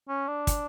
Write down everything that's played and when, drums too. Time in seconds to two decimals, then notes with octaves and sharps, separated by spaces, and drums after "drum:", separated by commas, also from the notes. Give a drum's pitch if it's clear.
0.09 C#4
0.28 D4
0.47 drum: kick, hi-hat